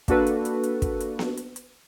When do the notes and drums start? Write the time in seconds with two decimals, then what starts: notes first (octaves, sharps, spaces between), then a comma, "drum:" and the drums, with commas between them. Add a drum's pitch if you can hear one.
0.08 A#3 D4 F#4 A4 B4, drum: kick, hi-hat
0.27 drum: hi-hat
0.45 drum: hi-hat
0.63 drum: hi-hat
0.82 drum: kick, hi-hat
1.00 drum: hi-hat
1.19 drum: snare B3
1.37 drum: hi-hat
1.56 drum: hi-hat